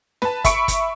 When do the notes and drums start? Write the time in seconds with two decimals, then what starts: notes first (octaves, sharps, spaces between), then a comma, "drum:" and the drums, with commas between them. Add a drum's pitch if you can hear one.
0.22 B4 A5, drum: snare
0.44 E5 B5 C#6 C#7 D7, drum: kick G1, hi-hat
0.68 drum: kick G1, hi-hat